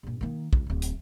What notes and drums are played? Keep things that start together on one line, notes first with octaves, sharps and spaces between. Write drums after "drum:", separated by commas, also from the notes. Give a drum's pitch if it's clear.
G2 A#2
D#3 A#3
C#2, drum: kick
D1 G1
drum: hi-hat